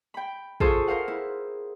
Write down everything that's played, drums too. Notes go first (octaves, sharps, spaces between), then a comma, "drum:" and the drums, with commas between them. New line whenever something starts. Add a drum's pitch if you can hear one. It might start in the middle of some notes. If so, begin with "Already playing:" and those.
G5 B5
F4 G#4 A4 C5 C#6, drum: kick
A#4 C5 F5 F#5
E4